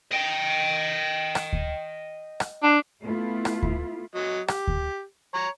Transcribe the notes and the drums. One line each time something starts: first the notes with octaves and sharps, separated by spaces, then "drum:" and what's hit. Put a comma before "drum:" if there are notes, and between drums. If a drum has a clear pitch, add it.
D#5 G5
drum: rim click
drum: kick D2
drum: rim click
D4
A3 B3 E4 F4
drum: rim click
drum: kick D2
F#3 D#5
G4, drum: rim click
drum: kick D2
C#5 A#5